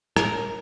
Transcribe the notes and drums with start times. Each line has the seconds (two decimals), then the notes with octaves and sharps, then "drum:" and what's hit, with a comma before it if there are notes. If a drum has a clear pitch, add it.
0.16 A#4, drum: rim click